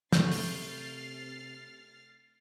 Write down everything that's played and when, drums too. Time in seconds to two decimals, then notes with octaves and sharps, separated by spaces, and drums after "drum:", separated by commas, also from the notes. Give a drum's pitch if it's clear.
0.12 C3 A3 F6 G6 A6 C7, drum: snare
0.32 drum: open hi-hat